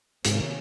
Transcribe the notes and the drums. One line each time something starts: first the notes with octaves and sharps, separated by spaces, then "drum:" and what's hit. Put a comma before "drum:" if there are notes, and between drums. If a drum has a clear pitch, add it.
G#2 C3 D#3 A#3 C#4, drum: hi-hat